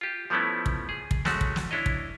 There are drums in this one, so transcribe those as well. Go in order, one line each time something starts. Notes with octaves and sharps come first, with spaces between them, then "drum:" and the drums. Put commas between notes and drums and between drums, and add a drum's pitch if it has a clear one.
F4 G4
F3 G3 A3 B3 C#4 E4
drum: kick
G#4
drum: kick
G#3 A3 C#4 F#4, drum: snare
drum: kick
drum: snare
C#4 D4 E4 C#5 D#5
drum: kick